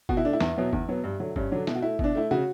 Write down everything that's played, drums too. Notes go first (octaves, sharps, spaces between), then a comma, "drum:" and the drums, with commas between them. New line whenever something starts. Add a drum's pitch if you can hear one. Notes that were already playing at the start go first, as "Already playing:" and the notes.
B2 F#4, drum: kick F#1
E4
A3 D4
E4
E2, drum: snare
B2 F#3 B3
E2, drum: kick F#1
B2 F#3 B3
G2
D3 F#3
G2 C#4, drum: kick F#1
D3 F#3 D4
B2 E4, drum: snare
F#4
A3 E4
B2 D4, drum: kick F#1
A3 E4
C#3 F#4